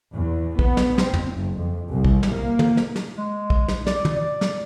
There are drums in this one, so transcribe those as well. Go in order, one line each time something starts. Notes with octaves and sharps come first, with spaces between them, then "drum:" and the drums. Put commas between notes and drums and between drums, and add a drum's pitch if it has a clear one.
E2
B3, drum: kick
drum: snare
C4, drum: snare
drum: tom
F#1
F2
C2
drum: kick
drum: snare
A#3
drum: tom
drum: snare
drum: snare
G#3
drum: kick
drum: snare
D5, drum: snare
drum: tom
D5
drum: snare